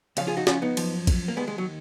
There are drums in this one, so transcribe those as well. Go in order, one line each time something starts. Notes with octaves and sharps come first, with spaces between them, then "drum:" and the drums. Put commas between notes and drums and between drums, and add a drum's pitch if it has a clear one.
C#2 C#3 F3 C#5 F5, drum: cymbal
F4 G#4
D#4 F#4
C#4 F4, drum: snare
B3 D#4
F#2 F3, drum: cymbal
drum: kick, cymbal
A#3
D#2 D#3 G#3 B3
G#3
F#3